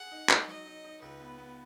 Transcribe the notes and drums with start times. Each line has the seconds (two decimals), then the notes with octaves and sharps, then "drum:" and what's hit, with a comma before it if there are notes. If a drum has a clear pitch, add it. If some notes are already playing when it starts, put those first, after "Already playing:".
Already playing: G#4 F#5
0.12 D#4
0.29 D#4, drum: clap
0.48 F#3 D#5
0.66 D#4
0.84 D#4
1.01 C#2 B4
1.20 B3
1.38 B3